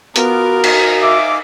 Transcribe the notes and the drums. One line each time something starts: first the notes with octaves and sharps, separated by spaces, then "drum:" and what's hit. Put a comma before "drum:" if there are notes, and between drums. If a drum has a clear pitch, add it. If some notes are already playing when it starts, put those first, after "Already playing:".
B3 F4 F#4 A#4 D6, drum: hi-hat
D#4 F5 G#5, drum: cymbal
E5 D6